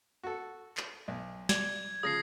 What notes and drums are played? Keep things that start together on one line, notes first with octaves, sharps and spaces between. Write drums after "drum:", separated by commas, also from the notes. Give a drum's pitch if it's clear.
F#4 A4
drum: clap
B1
D5 G#6, drum: snare
C#3 F3 D#6 A#6 C7